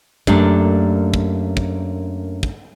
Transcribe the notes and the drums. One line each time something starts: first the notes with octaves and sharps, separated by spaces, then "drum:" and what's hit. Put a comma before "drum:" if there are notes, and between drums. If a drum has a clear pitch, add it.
F#2 A3 A#3 D4 G4 D5, drum: kick
drum: kick
drum: kick
drum: kick